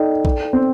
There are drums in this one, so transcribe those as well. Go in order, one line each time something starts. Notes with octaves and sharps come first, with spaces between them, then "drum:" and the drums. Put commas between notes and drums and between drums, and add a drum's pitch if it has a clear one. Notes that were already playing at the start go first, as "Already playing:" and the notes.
Already playing: D#4 A4 D5 G5
drum: kick A#1
C4